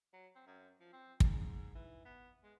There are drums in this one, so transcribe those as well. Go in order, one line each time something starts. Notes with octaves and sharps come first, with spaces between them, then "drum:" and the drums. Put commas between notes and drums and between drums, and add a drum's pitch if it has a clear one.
F#3
C4
F#2
F3
C4
G#2, drum: kick
E3
B3
G#3